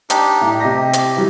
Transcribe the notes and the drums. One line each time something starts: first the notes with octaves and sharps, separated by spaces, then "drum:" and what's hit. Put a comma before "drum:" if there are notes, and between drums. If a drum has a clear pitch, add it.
D4 D#4 G4, drum: hi-hat
A2
C3 G4 D#5 A#6
drum: hi-hat
E3 F#3 G3